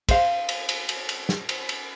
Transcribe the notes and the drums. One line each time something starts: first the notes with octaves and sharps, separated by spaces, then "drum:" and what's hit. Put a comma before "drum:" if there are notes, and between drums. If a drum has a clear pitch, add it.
C5 F5, drum: kick, cymbal
drum: cymbal
drum: cymbal
drum: cymbal
drum: cymbal
drum: snare
drum: cymbal
drum: cymbal